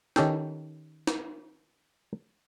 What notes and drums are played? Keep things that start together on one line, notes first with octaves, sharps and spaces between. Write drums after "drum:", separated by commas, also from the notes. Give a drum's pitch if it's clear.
D#3 C#4 G4 A4 G5, drum: snare
drum: snare